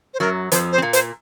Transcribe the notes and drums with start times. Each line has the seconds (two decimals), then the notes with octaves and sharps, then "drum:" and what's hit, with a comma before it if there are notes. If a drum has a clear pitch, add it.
0.14 C5
0.20 F#2 F#3 A#4
0.52 F2 F3 C5, drum: hi-hat
0.72 C5
0.78 C4
0.82 A#2 A#3
0.93 C5, drum: hi-hat